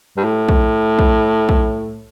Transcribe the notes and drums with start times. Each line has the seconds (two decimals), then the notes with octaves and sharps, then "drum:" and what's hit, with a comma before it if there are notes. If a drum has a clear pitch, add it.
0.17 G2
0.24 A2
0.49 drum: kick
0.99 drum: kick
1.49 drum: kick